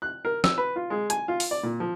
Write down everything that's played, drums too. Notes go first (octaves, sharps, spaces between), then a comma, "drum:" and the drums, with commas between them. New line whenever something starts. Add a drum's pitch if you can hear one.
F#6
A#4
E6, drum: snare
B4
F4
G#3
G#5, drum: hi-hat
F4
drum: open hi-hat
D5
A#2
F3